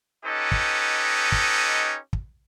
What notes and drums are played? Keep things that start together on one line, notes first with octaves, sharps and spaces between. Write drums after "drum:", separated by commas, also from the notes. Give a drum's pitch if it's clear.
C#4 D#4 G4 A4 B4 D#5
drum: kick
drum: kick
drum: kick